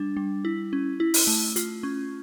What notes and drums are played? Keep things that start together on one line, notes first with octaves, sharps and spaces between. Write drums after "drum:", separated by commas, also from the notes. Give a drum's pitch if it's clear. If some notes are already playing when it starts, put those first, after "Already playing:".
Already playing: G3 D4
G3
E4
C#4
E4
drum: open hi-hat
A3
F4, drum: hi-hat
C#4